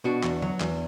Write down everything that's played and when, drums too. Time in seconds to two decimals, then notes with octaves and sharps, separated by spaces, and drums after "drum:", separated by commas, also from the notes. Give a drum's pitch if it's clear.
0.04 B2 D4 F#4
0.23 E2, drum: clap
0.42 F#3, drum: tom
0.60 E2, drum: clap